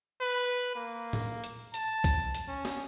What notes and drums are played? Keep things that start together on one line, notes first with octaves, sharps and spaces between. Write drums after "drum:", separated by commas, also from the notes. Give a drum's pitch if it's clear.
B4
A#3
drum: tom
drum: hi-hat
A5, drum: hi-hat
drum: kick B1, hi-hat
drum: hi-hat
C#4
drum: snare